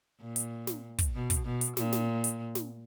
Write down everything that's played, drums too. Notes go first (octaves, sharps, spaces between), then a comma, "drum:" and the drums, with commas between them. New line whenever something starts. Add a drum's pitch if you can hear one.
A#2
drum: hi-hat
drum: snare
drum: kick, hi-hat
B2
drum: kick, hi-hat
B2
drum: hi-hat
A#2, drum: snare
drum: snare
drum: hi-hat
drum: snare